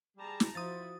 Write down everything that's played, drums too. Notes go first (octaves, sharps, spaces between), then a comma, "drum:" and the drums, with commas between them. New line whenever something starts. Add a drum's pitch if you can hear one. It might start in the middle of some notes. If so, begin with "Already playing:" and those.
G3 G#4 A5 A#5
drum: snare
F3 E4 F#4 C5 D#6 A6